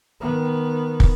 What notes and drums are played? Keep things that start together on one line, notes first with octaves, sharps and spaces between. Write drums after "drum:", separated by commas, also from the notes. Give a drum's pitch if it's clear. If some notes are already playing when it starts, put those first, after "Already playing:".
D#3 B3
drum: kick